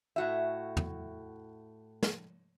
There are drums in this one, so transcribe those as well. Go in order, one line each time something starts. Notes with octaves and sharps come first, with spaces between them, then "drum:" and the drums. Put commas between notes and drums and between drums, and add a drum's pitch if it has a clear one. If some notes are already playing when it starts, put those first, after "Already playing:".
A2 F#4 E5
drum: tom
drum: snare